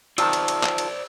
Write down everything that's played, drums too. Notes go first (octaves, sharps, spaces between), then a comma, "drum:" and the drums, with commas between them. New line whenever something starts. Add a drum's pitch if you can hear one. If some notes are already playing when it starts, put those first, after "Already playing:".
C3 D#3 F4 C5 D5 A5 E6, drum: cymbal
drum: cymbal
drum: cymbal
drum: clap
drum: cymbal